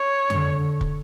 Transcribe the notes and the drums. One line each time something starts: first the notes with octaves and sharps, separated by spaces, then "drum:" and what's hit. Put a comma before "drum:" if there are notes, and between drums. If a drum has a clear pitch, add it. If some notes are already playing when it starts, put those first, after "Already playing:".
Already playing: C#5
D3, drum: tom F2
drum: kick